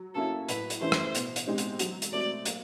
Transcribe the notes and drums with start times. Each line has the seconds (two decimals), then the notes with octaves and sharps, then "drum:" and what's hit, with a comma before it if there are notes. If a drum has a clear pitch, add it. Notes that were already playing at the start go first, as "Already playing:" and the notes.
Already playing: F#3
0.15 A#3 C#4 E4 A4
0.49 A2 B4, drum: hi-hat
0.70 drum: hi-hat
0.81 E3 A3 C#4 E4 C5
0.92 drum: rim click
1.15 B2, drum: hi-hat
1.36 drum: hi-hat
1.47 G#3 C4 D#4 G4
1.58 drum: hi-hat
1.79 F#3, drum: hi-hat
2.02 drum: hi-hat
2.13 A3 C4 D5
2.45 A#3, drum: hi-hat